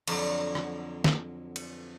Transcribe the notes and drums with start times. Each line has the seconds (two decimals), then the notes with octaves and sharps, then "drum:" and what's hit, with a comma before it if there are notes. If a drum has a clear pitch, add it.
0.08 F2 D3 F#3, drum: cymbal
0.55 drum: rim click
1.04 drum: snare
1.56 drum: cymbal